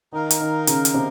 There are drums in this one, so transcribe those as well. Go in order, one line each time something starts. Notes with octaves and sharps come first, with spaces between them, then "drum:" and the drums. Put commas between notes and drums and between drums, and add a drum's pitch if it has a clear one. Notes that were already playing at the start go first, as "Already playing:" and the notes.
D#3 D#4 A#4 F5
drum: hi-hat
D#3
C#3, drum: hi-hat
drum: hi-hat
C3